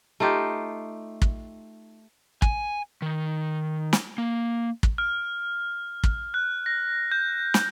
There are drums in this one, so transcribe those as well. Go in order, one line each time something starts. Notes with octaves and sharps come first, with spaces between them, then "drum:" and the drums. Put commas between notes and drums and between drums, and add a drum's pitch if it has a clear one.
A3 D#4 F4 G4
drum: kick
G#5, drum: kick
D#3
drum: snare
A#3
drum: kick
F6
drum: kick
F#6
A#6
G6
drum: snare